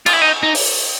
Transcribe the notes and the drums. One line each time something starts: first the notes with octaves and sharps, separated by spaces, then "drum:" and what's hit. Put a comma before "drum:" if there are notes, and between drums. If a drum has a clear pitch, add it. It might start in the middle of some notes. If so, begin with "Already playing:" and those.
F4, drum: cymbal
E4
D#4
D#4
drum: open hi-hat